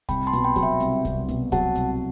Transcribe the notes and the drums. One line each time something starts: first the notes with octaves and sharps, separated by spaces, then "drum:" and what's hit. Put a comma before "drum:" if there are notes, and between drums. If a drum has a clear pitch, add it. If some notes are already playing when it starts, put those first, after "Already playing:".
C2 G5 B5, drum: kick C2, hi-hat
A5 C6
B2, drum: hi-hat
G5 B5
F#3, drum: kick C2, hi-hat
E5 G5
C2, drum: hi-hat
C2, drum: kick C2, hi-hat
B2, drum: hi-hat
F#3 F#5 A5, drum: kick C2, hi-hat
C2, drum: hi-hat